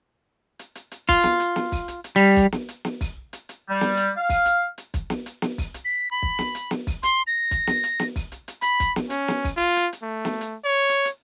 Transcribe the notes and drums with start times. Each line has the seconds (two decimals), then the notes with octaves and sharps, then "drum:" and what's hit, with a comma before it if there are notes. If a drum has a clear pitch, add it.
0.59 drum: hi-hat
0.75 drum: hi-hat
0.91 drum: hi-hat
1.09 F4, drum: kick, hi-hat
1.24 drum: snare
1.40 drum: hi-hat
1.56 drum: snare
1.72 drum: kick, open hi-hat
1.88 drum: hi-hat
2.04 drum: hi-hat
2.16 G3
2.36 drum: kick, hi-hat
2.52 drum: snare
2.69 drum: hi-hat
2.85 drum: snare
3.01 drum: kick, open hi-hat
3.33 drum: hi-hat
3.49 drum: hi-hat
3.69 G3
3.81 drum: snare
3.97 drum: hi-hat
4.17 F5
4.29 drum: kick, open hi-hat
4.46 drum: hi-hat
4.78 drum: hi-hat
4.94 drum: kick, hi-hat
5.10 drum: snare
5.26 drum: hi-hat
5.42 drum: snare
5.58 drum: kick, open hi-hat
5.74 drum: hi-hat
5.85 B6
6.11 B5
6.23 drum: kick
6.39 drum: snare
6.55 drum: hi-hat
6.71 drum: snare
6.87 drum: kick, open hi-hat
7.03 C6, drum: hi-hat
7.27 A#6
7.51 drum: kick, hi-hat
7.67 drum: snare
7.83 drum: hi-hat
8.00 drum: snare
8.16 drum: kick, open hi-hat
8.32 drum: hi-hat
8.48 drum: hi-hat
8.62 B5, drum: hi-hat
8.80 drum: kick, hi-hat
8.96 drum: snare
9.10 C#4, drum: hi-hat
9.28 drum: snare
9.44 drum: kick, open hi-hat
9.57 F4
9.77 drum: hi-hat
9.93 drum: hi-hat
10.02 A3
10.25 drum: snare
10.41 drum: hi-hat
10.64 C#5
10.89 drum: hi-hat
11.05 drum: hi-hat